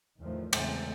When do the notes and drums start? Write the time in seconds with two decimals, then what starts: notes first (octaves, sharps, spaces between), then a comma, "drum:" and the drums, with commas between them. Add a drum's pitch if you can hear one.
0.19 E2 A2 D#3 F3 A3
0.53 E2 A2 C#3 G#3 A3 C4, drum: cymbal